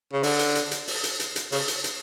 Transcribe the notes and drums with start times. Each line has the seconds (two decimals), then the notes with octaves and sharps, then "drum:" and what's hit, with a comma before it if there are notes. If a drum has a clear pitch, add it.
0.13 C#3
0.23 D3, drum: open hi-hat
0.39 drum: hi-hat
0.55 drum: hi-hat
0.71 drum: hi-hat
0.87 drum: open hi-hat
1.04 drum: hi-hat
1.20 drum: hi-hat
1.36 drum: hi-hat
1.52 C#3, drum: open hi-hat
1.68 drum: hi-hat
1.84 drum: hi-hat